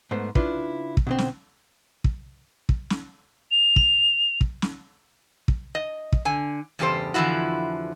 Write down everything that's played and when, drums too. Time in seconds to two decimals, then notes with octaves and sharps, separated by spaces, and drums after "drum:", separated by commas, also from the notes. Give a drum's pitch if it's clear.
0.11 G#2 A3 B3 C5
0.35 C#3 D4 E4 F4 B4, drum: kick
0.97 drum: kick
1.07 B2 D3 C4
1.18 drum: snare
2.04 drum: kick
2.69 drum: kick
2.90 drum: snare
3.51 F7
3.76 drum: kick
4.41 drum: kick
4.62 drum: snare
5.48 drum: kick
5.75 D#5
6.13 drum: kick
6.25 D3 G#5
6.79 E2 G2 C#3 G4 A4 C5
7.14 F2 D3 E3 F3 E4 F#4